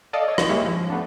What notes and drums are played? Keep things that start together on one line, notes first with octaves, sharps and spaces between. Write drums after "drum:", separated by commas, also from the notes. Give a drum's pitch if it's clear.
A4 D5 D#5 F5
C#5 D#5
drum: rim click
G3 G#3 A#3 E4 C#5
F3
A3 B3 D4